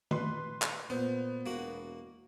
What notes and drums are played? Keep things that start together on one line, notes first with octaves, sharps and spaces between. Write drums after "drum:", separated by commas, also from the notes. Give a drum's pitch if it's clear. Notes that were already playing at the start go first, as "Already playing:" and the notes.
B4 C6, drum: tom D#3
drum: clap
A#2 B3 C5
E1 A#3 F#4